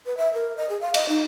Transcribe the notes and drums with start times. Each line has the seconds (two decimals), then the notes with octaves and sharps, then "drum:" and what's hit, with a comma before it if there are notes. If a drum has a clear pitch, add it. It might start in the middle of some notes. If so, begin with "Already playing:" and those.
0.06 B4
0.17 E5
0.34 A#4
0.57 D#5
0.69 G#4
0.81 F5
0.94 D#5, drum: cymbal
1.09 D#4